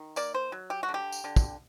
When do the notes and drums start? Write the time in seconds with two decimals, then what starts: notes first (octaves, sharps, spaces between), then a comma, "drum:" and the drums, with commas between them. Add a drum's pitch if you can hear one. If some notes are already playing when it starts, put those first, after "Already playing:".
Already playing: D#3
0.16 A#3 D5, drum: tambourine
0.34 C5
0.52 F#3
0.70 G4
0.83 F#4
0.89 D3
0.94 G4
1.12 drum: tambourine
1.24 D3
1.36 drum: kick, tambourine